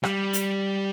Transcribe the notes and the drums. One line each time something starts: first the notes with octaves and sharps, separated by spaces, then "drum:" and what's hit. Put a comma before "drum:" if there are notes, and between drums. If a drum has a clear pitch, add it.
G3, drum: rim click
drum: hi-hat